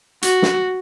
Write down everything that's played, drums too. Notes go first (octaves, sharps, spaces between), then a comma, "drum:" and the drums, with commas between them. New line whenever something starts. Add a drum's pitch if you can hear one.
F#4, drum: hi-hat
drum: snare